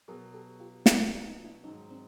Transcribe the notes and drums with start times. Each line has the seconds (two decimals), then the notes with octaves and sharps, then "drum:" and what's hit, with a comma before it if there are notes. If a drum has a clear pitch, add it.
0.08 B2 F#3 B3 G#4 A#4
0.34 G4 A4
0.60 F4 G4
0.86 B2 F#3 B3 E4 F#4, drum: snare
1.06 E4 F#4
1.25 D#4 F4
1.44 D4 E4
1.64 G#2 D#3 F#3 C#4 D#4
1.90 C4 D4